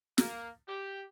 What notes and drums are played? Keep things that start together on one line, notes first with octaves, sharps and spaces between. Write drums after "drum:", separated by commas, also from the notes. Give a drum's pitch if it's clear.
A#3, drum: snare
G4